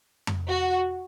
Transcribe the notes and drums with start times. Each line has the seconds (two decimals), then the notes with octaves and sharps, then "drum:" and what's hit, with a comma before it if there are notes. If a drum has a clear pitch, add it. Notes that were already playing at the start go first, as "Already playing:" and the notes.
0.27 drum: tom F2
0.49 F#4